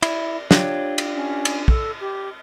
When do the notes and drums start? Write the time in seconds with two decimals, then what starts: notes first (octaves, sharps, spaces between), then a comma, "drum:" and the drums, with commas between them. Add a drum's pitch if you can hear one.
0.03 E4 D5, drum: cymbal
0.51 D4 F4 G4 C#5, drum: snare
0.98 drum: cymbal
1.14 C#4
1.45 drum: cymbal
1.68 A4, drum: kick
2.00 G4